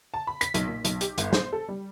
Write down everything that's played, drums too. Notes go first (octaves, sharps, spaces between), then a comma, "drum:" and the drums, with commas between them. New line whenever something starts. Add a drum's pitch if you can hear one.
A5
B5
B6, drum: hi-hat
B1, drum: hi-hat
A#2
B1, drum: hi-hat
G4, drum: hi-hat
G1, drum: hi-hat
C5, drum: snare
A4
G3